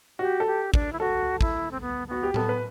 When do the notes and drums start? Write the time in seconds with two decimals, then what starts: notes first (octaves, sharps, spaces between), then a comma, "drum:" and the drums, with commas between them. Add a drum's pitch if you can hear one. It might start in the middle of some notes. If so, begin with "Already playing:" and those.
0.19 F#4 G4
0.40 A4
0.47 G4
0.74 D4, drum: kick
0.93 E4
1.00 F#4 A4
1.41 E4, drum: kick
1.71 C4
1.81 B3
2.08 B3 F#4
2.23 G4
2.34 B3 A4, drum: tom A2
2.49 B4